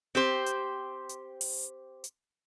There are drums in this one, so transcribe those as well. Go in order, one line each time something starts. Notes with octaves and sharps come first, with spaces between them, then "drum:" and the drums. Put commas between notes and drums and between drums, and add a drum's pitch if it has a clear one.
C4 G4 C5
drum: hi-hat
drum: hi-hat
drum: open hi-hat
drum: hi-hat